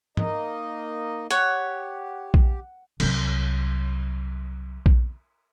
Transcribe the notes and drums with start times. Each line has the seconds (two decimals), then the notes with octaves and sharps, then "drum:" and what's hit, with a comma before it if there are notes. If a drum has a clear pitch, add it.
0.17 A#3 D#4 D#5, drum: tom
1.31 G4 C#5 F#5, drum: hi-hat
2.34 drum: kick A#1
3.00 C2 F#3, drum: cymbal
4.86 drum: kick A#1